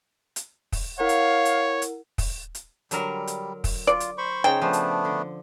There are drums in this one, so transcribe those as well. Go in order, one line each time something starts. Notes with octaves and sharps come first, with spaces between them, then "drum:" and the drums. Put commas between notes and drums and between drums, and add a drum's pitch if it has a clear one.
drum: hi-hat
drum: kick, open hi-hat
E4 A#4 C#5 F5 F#5
drum: hi-hat
drum: hi-hat
drum: hi-hat
drum: kick, open hi-hat
drum: hi-hat
D3 F#3 G3 A#4, drum: hi-hat
drum: hi-hat
drum: kick, open hi-hat
F4 D5
drum: hi-hat
C5 B5 C#6
C#3 D#4 C5 C#5 G5
F3 A3 B3 D4
drum: hi-hat
D3